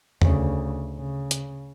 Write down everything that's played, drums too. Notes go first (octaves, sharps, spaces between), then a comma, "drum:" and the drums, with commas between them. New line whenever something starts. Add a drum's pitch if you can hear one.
D2 C#3, drum: tom E2
C#3
drum: hi-hat